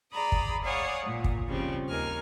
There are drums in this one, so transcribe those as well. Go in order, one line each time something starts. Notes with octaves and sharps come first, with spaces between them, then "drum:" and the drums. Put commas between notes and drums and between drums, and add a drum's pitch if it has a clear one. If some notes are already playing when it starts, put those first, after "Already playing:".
G#4 D5 A#5 B5 D#6
drum: kick
C#5 D5 F5 F#5 G#5 D#6
A#2
drum: kick
C#3 F3 G3 C4
D#2 A#4 G#5 F6